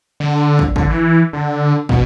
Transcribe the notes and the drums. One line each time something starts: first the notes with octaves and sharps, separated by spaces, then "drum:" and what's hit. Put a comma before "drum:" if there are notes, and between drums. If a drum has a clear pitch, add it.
D3
drum: kick
D3, drum: kick
E3
D3
B2, drum: kick